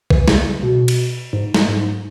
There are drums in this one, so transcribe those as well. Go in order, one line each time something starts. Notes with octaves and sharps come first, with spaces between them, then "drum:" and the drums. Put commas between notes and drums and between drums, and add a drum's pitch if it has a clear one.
E3, drum: kick B1
C#3, drum: snare
B2
drum: cymbal
G#2
drum: snare
G#2